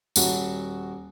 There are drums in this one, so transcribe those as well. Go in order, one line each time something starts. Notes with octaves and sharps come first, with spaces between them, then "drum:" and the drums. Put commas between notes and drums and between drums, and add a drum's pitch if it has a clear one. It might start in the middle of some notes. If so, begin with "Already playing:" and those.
D#1 F#4, drum: tambourine